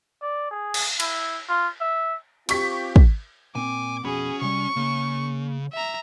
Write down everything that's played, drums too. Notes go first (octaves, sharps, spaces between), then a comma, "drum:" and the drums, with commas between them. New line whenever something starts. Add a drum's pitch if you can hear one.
D5
G#4
drum: cymbal
E4, drum: cymbal
F4
E5
C4 F4 G4 C#6 B6, drum: cymbal
drum: kick
A#2 C4 G#5 D6
F2 B2 C#4 F#4 G#4 B5
C3 G3 C#6
C#3 A#3
E5 A#5